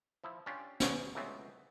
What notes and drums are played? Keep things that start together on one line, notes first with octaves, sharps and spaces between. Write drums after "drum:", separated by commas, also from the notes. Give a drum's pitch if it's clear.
F3 E4
C#4 D4 F4 G4
G3 A3 C#4 F#4 G#4, drum: snare
C#2 A2 E3 F#3 B3 C4